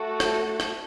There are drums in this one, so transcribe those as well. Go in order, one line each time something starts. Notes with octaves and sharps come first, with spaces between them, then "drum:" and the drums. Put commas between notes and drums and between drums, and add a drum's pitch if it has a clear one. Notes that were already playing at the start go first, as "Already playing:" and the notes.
Already playing: A3 F#4 A4
drum: rim click
drum: rim click